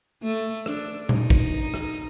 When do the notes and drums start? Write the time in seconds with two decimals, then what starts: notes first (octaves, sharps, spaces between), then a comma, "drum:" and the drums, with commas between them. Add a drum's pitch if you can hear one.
0.23 A3
0.66 D4, drum: rim click
1.09 D#4, drum: tom A#2
1.30 drum: kick
1.74 drum: rim click